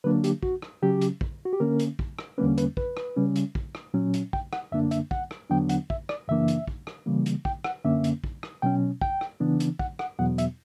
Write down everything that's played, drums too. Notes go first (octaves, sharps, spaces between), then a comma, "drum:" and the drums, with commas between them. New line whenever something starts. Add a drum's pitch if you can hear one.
D3 F#3 A#3 D4 B4
G4, drum: hi-hat
F#4, drum: kick
drum: rim click
C#3 F#3 C#4 G4
drum: hi-hat
drum: kick
F#4
G4
D3 A#3 C#4 A#4
drum: hi-hat
drum: kick
drum: rim click
E2 D3 G3 A#3 C#4 B4
B4, drum: hi-hat
B4, drum: kick
drum: rim click
C#3 G3 C#4
drum: hi-hat
drum: kick
drum: rim click
A#2 F#3 C#4
drum: hi-hat
G5, drum: kick
F#5, drum: rim click
F#2 D3 A#3 D4 E5
E5, drum: hi-hat
F#5, drum: kick
drum: rim click
E2 D3 F#3 B3 D4 G5
F#5, drum: hi-hat
E5, drum: kick
D5, drum: rim click
F#2 C#3 E3 A#3 D4 E5
drum: hi-hat
drum: kick
drum: rim click
C#3 E3 G3 A#3
drum: hi-hat
G5, drum: kick
F#5, drum: rim click
F#2 D3 A#3 C#4 E5
drum: hi-hat
drum: kick
drum: rim click
B2 F#3 C#4 G5
G5, drum: kick
drum: rim click
C#3 E3 B3 D4
drum: hi-hat
F#5, drum: kick
F#5, drum: rim click
E2 B2 F#3 B3 F#5
E5, drum: hi-hat